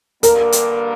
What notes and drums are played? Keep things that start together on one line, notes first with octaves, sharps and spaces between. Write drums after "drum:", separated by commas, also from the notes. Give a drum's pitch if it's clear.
G2 D3 G3 A#3 A#4, drum: hi-hat
drum: hi-hat